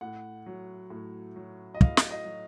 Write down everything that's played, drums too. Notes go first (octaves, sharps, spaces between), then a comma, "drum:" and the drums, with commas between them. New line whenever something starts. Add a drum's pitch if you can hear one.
A2 F#5
F#3
A2
F#3
D#5
A2 F5, drum: kick
drum: snare
D#5
F#3